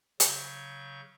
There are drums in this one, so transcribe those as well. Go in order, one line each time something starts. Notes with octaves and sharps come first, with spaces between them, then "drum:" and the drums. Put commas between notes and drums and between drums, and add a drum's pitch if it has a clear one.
C#3 F#3 C#6 G6, drum: hi-hat